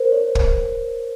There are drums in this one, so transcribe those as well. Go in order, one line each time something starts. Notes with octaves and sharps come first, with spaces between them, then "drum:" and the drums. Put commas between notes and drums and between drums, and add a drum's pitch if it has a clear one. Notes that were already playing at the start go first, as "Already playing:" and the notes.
Already playing: A#4 C5
C#5
drum: kick